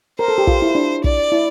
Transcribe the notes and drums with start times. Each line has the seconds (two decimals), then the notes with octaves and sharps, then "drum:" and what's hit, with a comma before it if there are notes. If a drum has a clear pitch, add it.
0.19 A#4 C5
0.28 A4
0.38 G4
0.47 F4, drum: kick
0.62 E4
0.75 D4
1.04 D5, drum: kick
1.32 E4